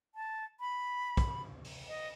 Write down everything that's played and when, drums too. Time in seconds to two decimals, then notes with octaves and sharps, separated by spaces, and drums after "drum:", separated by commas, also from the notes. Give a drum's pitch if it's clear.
0.15 A5
0.60 B5
1.17 drum: kick, hi-hat
1.65 drum: open hi-hat
1.88 D#5